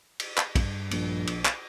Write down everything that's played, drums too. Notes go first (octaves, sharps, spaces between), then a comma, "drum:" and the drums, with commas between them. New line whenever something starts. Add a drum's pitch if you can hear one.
drum: cymbal
drum: clap
G2, drum: kick, cymbal
A#1, drum: cymbal
drum: cymbal
drum: clap